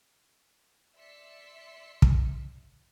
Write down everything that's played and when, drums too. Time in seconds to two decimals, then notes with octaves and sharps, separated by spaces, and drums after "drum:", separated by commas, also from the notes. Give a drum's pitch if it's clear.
0.96 D5 E5 C6 E6 B6 C#7
2.02 drum: kick